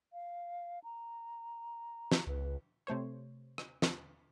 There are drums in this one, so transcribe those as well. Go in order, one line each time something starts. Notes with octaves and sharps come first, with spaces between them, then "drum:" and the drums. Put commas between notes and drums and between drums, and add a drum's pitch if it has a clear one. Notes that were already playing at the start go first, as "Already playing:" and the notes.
F5
A#5
drum: snare
C#2 B4
C3 A3 C5 C#5
drum: rim click
drum: snare